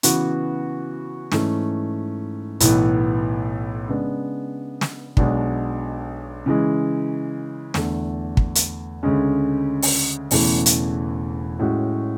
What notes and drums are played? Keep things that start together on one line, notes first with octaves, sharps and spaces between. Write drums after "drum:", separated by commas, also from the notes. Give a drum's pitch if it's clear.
C#3 E3 B3 F#4, drum: hi-hat
G#2 E3 A3 C#4, drum: snare
B1 A2 E3 B3, drum: hi-hat
C#3 G#3 B3 D4
drum: snare
B1 B2 G#3 D4, drum: kick
C#3 E3 G#3
E2 D3 A3, drum: snare
drum: kick
drum: hi-hat
D2 C#3 G#3 C#4
drum: open hi-hat
E1 E2 C#3 E3 A3, drum: open hi-hat
drum: hi-hat
A2 G#3 C#4 F#4